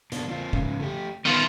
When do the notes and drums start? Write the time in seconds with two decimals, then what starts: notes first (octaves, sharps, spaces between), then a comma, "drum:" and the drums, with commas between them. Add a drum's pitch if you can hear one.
0.12 B2 A#3 D4, drum: hi-hat
0.28 A#3 C4 F4
0.53 G#2 C#3, drum: kick F1
0.80 A3 G4
1.25 D#3 B3 F4 A#4 B4